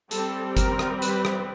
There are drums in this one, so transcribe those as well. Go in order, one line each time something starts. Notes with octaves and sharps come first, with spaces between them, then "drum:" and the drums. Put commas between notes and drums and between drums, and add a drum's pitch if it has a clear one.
G3 C4 A4, drum: hi-hat
A#4, drum: kick G1, hi-hat
drum: rim click
B4, drum: hi-hat
drum: rim click